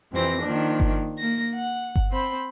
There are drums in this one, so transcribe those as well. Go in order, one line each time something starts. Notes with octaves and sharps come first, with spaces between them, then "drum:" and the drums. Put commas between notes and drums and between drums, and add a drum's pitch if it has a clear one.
F2 C3 E3 C4 A#6
D#3 F3 A#3 D4
drum: kick G1
A#3 A#6
F#5
drum: kick G1
C4 C5 B5